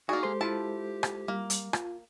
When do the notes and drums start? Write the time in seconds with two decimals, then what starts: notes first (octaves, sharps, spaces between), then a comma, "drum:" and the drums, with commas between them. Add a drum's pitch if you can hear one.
0.09 A#3 D#4 F#4 G#4 D5
0.23 G#3 G4 A4 C5 C6
0.41 E4 F4 A5
1.03 drum: rim click
1.28 G3 A#3
1.50 drum: hi-hat
1.73 F4, drum: rim click